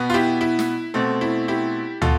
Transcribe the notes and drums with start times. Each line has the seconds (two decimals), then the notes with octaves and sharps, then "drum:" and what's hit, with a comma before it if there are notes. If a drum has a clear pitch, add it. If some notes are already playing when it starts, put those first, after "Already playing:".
Already playing: B2 B3
0.10 F4
0.14 E4 G4
0.41 E4
0.59 drum: snare
0.94 B2 A3 C4
1.21 E4
1.48 E4 G4
2.01 B2 F4 A4, drum: tom